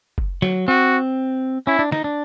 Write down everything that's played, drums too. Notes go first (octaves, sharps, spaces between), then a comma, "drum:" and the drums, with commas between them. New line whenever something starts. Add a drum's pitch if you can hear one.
drum: kick
F#3, drum: snare
C4 F#4
C#4 E4
D4
D#4, drum: snare
D4